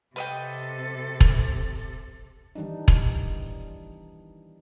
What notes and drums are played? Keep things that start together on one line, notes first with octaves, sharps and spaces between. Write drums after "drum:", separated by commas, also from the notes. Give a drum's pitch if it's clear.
C3 A4 B4 D#5 G5
drum: kick E1
D#3 E3 G3 D4 D#4
drum: kick E1